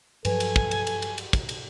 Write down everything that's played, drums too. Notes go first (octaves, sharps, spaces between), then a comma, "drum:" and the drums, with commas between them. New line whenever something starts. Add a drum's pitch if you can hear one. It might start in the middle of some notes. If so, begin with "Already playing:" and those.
G2 F3 F#3 A4 B4 G#5, drum: cymbal
drum: cymbal
drum: kick
drum: cymbal
drum: cymbal
drum: cymbal
drum: cymbal
drum: kick, cymbal
drum: cymbal